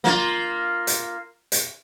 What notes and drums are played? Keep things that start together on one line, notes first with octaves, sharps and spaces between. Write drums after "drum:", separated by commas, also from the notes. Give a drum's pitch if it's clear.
A#3 F4, drum: snare
drum: hi-hat
drum: hi-hat